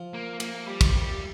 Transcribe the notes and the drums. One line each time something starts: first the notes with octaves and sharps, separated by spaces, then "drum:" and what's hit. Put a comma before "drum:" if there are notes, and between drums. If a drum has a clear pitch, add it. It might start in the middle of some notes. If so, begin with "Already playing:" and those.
Already playing: F3
A#3
A#3, drum: cymbal
G3
drum: kick, cymbal
G3